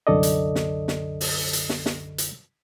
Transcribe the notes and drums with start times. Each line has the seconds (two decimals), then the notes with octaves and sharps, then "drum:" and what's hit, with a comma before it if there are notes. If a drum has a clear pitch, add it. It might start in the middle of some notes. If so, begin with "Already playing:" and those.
0.07 C2 F#2 D3 A4 D5 D#5
0.23 drum: hi-hat
0.55 drum: snare
0.88 drum: snare
1.21 drum: open hi-hat
1.53 drum: hi-hat
1.69 drum: snare
1.86 drum: snare
2.18 drum: hi-hat